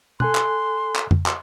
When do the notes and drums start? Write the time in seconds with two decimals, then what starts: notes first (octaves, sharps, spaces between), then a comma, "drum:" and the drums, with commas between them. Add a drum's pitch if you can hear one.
0.20 A4 G#5 C6 F#6, drum: tom
0.35 drum: clap
0.96 drum: clap
1.11 drum: tom F2
1.26 drum: clap